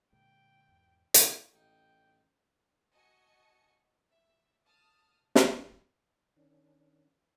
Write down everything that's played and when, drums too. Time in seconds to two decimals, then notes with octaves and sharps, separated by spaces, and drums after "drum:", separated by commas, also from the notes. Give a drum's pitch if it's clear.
0.12 A#2 D3 G#3 G5
0.68 E2 G#2 E3
1.14 drum: hi-hat
1.53 A1 D#4 G5
2.93 F#4 D#5 G#5 A5 C#7
4.10 E5
4.66 A5 D#6 F6
5.35 drum: snare
6.37 D#3 C#4 D4